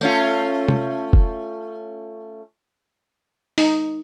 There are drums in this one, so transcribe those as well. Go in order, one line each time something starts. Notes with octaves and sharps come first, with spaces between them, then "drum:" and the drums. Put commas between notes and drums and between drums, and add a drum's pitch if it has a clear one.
A3 C#4 F4, drum: tambourine
drum: tom
drum: kick
D#4, drum: open hi-hat